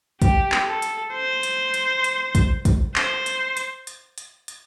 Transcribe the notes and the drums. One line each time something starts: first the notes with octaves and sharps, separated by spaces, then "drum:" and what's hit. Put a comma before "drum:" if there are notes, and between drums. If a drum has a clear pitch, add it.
G4, drum: kick, hi-hat
drum: clap
A4
drum: hi-hat
C5
drum: hi-hat
drum: hi-hat
drum: hi-hat
drum: kick, hi-hat
drum: kick, hi-hat
C5, drum: clap
drum: hi-hat
drum: hi-hat
drum: hi-hat
drum: hi-hat
drum: hi-hat